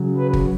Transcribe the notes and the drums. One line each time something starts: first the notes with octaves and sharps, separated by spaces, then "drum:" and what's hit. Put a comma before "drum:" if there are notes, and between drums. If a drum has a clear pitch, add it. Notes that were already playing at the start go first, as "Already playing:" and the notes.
Already playing: C#3 F#3
B4
drum: kick G1